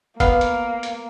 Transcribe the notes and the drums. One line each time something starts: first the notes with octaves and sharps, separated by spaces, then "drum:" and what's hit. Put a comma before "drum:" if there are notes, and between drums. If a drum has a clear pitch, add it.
A#3 B3 F5, drum: kick, hi-hat
drum: hi-hat
drum: hi-hat